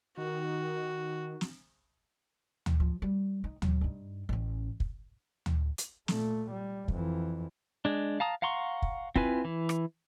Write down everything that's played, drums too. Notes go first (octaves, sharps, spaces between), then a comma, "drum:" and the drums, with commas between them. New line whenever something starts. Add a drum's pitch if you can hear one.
D#3 F#4
drum: snare
drum: tom D2
F3
G3
D#4
F#3, drum: tom D2
G2 D#4
A1 C#4
drum: kick
drum: tom D2
drum: hi-hat
A#2 A3, drum: snare
G3
F2 E3, drum: kick
G#3 D4
F5 A5 A#5 D#6
F5 F#5 A#5 C6 C#6
drum: kick
C4 E4 F4 B4 G#5, drum: kick
E3
drum: rim click